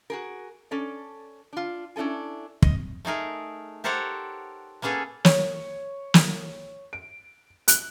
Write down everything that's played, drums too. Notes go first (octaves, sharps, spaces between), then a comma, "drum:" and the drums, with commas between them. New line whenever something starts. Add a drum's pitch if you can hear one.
F#4 G#4 A#4
C#4 A4 D5
D4 F4
C#4 D4 E4 A4 G#5
D#5, drum: kick
A3 D#4 G#4 A#4
G4 A4 A#4 C5 C#5 F#5
A#3 B3 C#4 G#4 A4
C#5, drum: snare
drum: snare
D7
F#6, drum: hi-hat